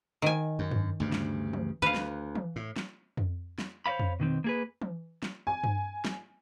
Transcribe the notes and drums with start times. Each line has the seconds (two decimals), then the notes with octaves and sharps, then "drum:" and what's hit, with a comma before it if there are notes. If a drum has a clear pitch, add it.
0.22 D#3 G#5
0.59 F#2
0.71 drum: tom G2
1.00 D2 G2 C#3
1.12 drum: snare
1.53 drum: tom E3
1.82 D2 B4 F5
1.94 drum: snare
2.35 drum: tom E3
2.56 A2
2.76 drum: snare
3.17 drum: tom F2
3.58 drum: snare
3.86 C5 C#5 D#5 F5 B5
3.99 drum: tom F2
4.20 B2 D#3 C4
4.44 A#3 G#4 B4
4.82 drum: tom E3
5.23 drum: snare
5.47 G#5
5.64 drum: tom G2
6.05 drum: snare